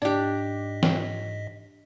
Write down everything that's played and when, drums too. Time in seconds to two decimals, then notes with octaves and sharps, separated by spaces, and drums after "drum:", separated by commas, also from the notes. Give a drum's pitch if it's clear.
0.02 G#2 D4 G4 D#5 B6
0.83 drum: snare